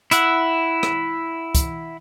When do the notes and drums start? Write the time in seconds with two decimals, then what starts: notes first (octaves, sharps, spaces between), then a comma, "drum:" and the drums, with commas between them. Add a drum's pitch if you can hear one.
0.11 E4 E5 F#5, drum: hi-hat
0.83 drum: rim click
1.55 drum: kick, hi-hat